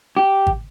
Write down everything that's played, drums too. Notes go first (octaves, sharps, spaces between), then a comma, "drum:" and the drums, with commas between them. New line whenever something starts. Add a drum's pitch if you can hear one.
G4
drum: kick G#1